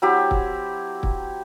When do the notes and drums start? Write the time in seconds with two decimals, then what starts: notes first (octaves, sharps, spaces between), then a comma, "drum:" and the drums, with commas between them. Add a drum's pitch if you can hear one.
0.02 F#3 C4 E4 G4
0.31 drum: kick
1.03 drum: kick